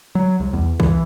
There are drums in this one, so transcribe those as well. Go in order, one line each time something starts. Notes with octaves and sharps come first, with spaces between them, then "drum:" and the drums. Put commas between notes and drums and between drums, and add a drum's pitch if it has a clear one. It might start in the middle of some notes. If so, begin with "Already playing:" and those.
F#3
C2
E2
E3, drum: kick